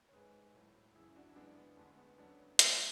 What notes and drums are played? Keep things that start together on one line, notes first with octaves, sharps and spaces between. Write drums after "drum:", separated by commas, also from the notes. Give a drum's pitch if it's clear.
C#5
G#2 G#3 G#4 B4
A2 F#3 A3
F#2 C#3 E3 E4 G#4
D4 F#4
E4
F#2 C#3 E3 G#3 B3 D4
B3
E2 D3 G#3 A3
B3
E2 C#3 F#3 A3 B3 D4
G#2 G#3, drum: hi-hat